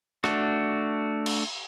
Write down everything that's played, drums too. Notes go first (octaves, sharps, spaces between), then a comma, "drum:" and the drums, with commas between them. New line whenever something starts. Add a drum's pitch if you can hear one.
A3 D4 F#4, drum: rim click
drum: cymbal